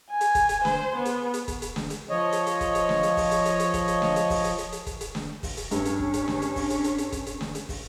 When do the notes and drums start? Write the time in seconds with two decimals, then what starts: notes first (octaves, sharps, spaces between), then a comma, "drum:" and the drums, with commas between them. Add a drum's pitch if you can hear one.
0.10 G#5
0.21 drum: hi-hat
0.35 drum: kick, hi-hat
0.49 drum: hi-hat
0.65 C5, drum: snare
0.96 B3
1.05 drum: hi-hat
1.34 drum: hi-hat
1.48 drum: kick, hi-hat
1.62 drum: hi-hat
1.76 drum: snare
1.90 drum: hi-hat
2.10 F3 C#5 D#5
2.32 drum: hi-hat
2.47 drum: hi-hat
2.61 drum: kick, hi-hat
2.75 drum: hi-hat
2.89 drum: snare
3.03 drum: hi-hat
3.17 drum: kick, open hi-hat
3.31 drum: hi-hat
3.45 drum: hi-hat
3.59 drum: hi-hat
3.74 drum: kick, hi-hat
3.88 drum: hi-hat
4.02 drum: snare
4.16 drum: hi-hat
4.30 drum: kick, open hi-hat
4.44 drum: hi-hat
4.58 drum: hi-hat
4.72 drum: hi-hat
4.86 drum: kick, hi-hat
5.01 drum: hi-hat
5.15 drum: snare
5.43 drum: kick, open hi-hat
5.57 drum: hi-hat
5.71 G2 C#4 D4, drum: hi-hat
5.85 drum: hi-hat
5.99 drum: kick
6.14 drum: hi-hat
6.28 drum: snare
6.42 drum: hi-hat
6.56 drum: kick, open hi-hat
6.70 drum: hi-hat
6.84 drum: hi-hat
6.98 drum: hi-hat
7.12 drum: kick, hi-hat
7.26 drum: hi-hat
7.41 drum: snare
7.55 drum: hi-hat
7.69 drum: kick, open hi-hat